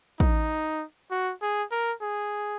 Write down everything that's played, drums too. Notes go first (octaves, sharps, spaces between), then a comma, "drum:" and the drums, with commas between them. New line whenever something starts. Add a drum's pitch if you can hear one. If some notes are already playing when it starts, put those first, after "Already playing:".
D#4, drum: kick
F#4
G#4
A#4
G#4